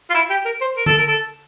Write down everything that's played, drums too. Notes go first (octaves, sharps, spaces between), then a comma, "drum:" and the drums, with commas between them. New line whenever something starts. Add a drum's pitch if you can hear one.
F4
E4
G4
A#4
C5
A#4
A4, drum: tom D3
A#4
A4